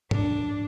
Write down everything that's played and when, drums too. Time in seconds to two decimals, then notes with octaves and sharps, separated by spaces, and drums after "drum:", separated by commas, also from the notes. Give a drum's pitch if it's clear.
0.11 D4, drum: tom G#2